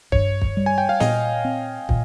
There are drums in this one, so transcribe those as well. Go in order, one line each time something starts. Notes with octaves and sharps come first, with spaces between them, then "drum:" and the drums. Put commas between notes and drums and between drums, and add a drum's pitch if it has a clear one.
G2 C#5, drum: kick
drum: kick
G3
G#5
G5
F5
A#2 D#5, drum: snare
C4
A#2, drum: kick